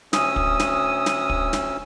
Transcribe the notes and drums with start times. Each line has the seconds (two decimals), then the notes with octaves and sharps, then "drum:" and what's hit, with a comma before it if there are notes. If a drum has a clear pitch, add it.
0.13 D2 C#4 D#6 E6, drum: snare
0.36 drum: kick
0.59 drum: snare
1.06 drum: snare
1.29 drum: kick
1.53 drum: snare